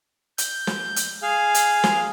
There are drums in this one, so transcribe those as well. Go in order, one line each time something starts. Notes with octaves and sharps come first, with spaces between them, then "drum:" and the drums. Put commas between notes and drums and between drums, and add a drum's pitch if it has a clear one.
G6, drum: hi-hat
drum: snare
drum: hi-hat
G#4 F5
drum: hi-hat
drum: snare